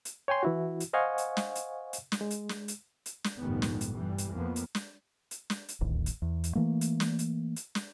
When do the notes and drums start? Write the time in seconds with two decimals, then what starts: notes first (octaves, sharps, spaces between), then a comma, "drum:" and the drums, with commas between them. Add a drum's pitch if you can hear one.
0.05 drum: hi-hat
0.28 C#5 G5 G#5 C6
0.43 E3 E4 F#4
0.80 drum: hi-hat
0.93 C5 D#5 F5 F#5 G#5 C#6
1.18 drum: hi-hat
1.37 drum: snare
1.55 drum: hi-hat
1.93 drum: hi-hat
2.12 drum: snare
2.21 G#3
2.31 drum: hi-hat
2.49 drum: snare
2.68 drum: hi-hat
3.06 drum: hi-hat
3.24 drum: snare
3.37 F1 A#1 G#2 D#3 G3 B3
3.62 drum: snare
3.81 drum: hi-hat
3.93 G2 E3 G3
4.18 drum: hi-hat
4.32 F2 A#3 B3
4.56 drum: hi-hat
4.75 drum: snare
5.31 drum: hi-hat
5.50 drum: snare
5.69 drum: hi-hat
5.81 D1 A1 D#2
6.06 drum: hi-hat
6.22 E2
6.44 drum: hi-hat
6.55 E3 A3 A#3
6.81 drum: hi-hat
7.00 drum: snare
7.19 drum: hi-hat
7.56 drum: hi-hat
7.75 drum: snare